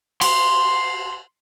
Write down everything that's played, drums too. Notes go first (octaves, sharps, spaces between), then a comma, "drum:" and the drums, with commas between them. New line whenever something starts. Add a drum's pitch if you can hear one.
C6, drum: cymbal